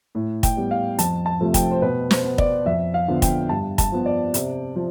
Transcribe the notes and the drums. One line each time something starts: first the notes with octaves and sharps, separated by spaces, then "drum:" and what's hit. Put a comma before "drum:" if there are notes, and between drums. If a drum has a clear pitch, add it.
A2
G5, drum: kick, hi-hat
G3 B3
F5
F2 A5, drum: hi-hat
A5
C3 F3 A3
G5, drum: kick, hi-hat
C5
B2 B4
C5, drum: snare
B3
D5, drum: kick
F2 E5
F5
D3 F3 B3
G5, drum: kick, hi-hat
G2 A5
A5, drum: kick, hi-hat
F3 B3
D5
C3, drum: hi-hat
F3